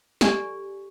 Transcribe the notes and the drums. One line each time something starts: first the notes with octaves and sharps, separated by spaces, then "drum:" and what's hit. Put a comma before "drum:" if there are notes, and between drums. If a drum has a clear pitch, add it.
G4 A4 D5 G#5 C#6, drum: snare